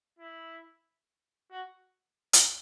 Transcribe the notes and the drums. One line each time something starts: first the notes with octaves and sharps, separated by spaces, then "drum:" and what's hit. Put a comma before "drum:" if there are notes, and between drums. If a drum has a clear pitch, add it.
E4
F#4
drum: hi-hat